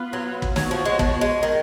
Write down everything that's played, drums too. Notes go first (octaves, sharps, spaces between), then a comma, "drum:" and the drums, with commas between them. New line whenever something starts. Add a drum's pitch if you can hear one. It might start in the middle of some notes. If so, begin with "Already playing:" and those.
Already playing: B3 F4 B4
F#3
drum: kick
F#3 B3 F#4 C#5, drum: snare
F3
G#3
F3, drum: kick
G#3
D#3